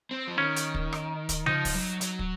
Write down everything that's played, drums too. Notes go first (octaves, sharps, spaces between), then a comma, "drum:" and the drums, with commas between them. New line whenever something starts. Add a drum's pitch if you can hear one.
C4
F3
D#3 C#4
drum: hi-hat
drum: kick
drum: rim click
drum: kick, hi-hat
F3 D#4, drum: tom C#3
drum: kick, open hi-hat
F#3
F#3, drum: hi-hat
drum: kick